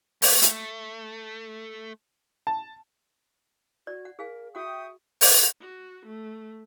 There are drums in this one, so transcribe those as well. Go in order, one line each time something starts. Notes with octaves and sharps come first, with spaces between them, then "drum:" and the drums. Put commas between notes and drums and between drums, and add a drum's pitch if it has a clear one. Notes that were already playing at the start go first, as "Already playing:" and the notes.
A3, drum: open hi-hat
drum: hi-hat
A5
F#4 D5
F#5
G#4 A#4 F5 G#5
F#4 E5 F#5 G5 C#6 D#6
drum: open hi-hat
F#4
A3